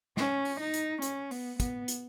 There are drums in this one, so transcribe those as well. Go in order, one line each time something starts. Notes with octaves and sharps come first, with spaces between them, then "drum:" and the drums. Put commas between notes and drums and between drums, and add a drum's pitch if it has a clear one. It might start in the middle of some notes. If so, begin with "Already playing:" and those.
C#4, drum: snare
drum: open hi-hat
D#4
drum: hi-hat
C#4, drum: hi-hat
B3, drum: open hi-hat
B3, drum: kick, hi-hat
drum: hi-hat